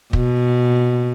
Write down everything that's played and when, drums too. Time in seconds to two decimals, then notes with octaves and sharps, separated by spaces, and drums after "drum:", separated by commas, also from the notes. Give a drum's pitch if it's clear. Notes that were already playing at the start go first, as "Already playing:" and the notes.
0.13 B2, drum: kick